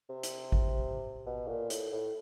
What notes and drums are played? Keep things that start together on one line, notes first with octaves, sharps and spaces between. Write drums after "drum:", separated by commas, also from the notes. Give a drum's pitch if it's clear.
C3
drum: hi-hat
drum: kick A1
B2
A#2
A2, drum: hi-hat
A2